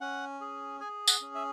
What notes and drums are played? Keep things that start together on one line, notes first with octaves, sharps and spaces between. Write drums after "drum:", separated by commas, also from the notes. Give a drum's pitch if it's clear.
C#4 F#5
G#4
G#4 G#5
F#5, drum: tambourine
C#4
E5